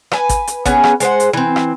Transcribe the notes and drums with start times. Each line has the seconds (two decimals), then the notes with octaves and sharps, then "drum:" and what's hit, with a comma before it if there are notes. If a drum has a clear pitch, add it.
0.12 B4 G#5, drum: rim click
0.29 drum: kick G#1, hi-hat
0.47 drum: hi-hat
0.66 B3 C#4 G#4, drum: kick G#1, hi-hat
0.84 drum: rim click
1.00 G#3 C5 F#5, drum: hi-hat
1.20 drum: hi-hat
1.33 E3 C4
1.56 drum: rim click